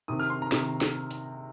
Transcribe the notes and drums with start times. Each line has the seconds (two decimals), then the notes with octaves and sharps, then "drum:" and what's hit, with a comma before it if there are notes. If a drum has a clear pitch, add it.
0.08 C3 D#3 D#6
0.19 F6
0.30 C6
0.42 A#5
0.52 C3 D#3, drum: snare
0.81 drum: snare
1.11 drum: hi-hat